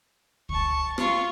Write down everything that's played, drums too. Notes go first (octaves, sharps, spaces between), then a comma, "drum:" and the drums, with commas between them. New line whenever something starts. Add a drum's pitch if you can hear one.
A5 C#6, drum: kick C#2
F4 C#6, drum: rim click